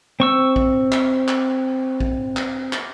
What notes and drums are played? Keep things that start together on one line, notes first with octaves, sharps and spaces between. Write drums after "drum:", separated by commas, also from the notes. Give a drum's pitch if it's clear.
C4 C#6 E6
drum: kick A#1
drum: clap
drum: clap
drum: kick A#1
drum: clap
drum: clap